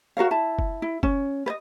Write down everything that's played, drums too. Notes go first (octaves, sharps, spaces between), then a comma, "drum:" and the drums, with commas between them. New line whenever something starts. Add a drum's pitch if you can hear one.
F#4 A#4 C#5 F5
E4 A5
drum: kick F#1
E4
C#4, drum: kick F#1
B4 D#5